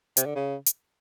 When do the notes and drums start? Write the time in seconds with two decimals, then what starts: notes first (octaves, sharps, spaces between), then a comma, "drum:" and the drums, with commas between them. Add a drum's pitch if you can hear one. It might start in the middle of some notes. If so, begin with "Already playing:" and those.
0.17 C3, drum: hi-hat
0.26 D3
0.35 C#3
0.66 drum: hi-hat